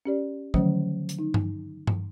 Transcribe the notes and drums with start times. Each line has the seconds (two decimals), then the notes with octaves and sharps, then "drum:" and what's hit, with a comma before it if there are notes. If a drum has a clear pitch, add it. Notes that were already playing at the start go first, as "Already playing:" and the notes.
0.06 C#4 G4 D5
0.54 D3 D#3 F3 F#3 A3 C#4, drum: kick
1.09 drum: hi-hat
1.19 D#4
1.34 drum: tom G2
1.87 drum: tom G2